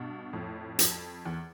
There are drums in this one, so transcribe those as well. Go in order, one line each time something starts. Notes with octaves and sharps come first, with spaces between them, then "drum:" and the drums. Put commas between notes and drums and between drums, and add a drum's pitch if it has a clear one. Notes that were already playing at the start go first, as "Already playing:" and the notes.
Already playing: G2 B2
F2 A2
F2, drum: hi-hat
E2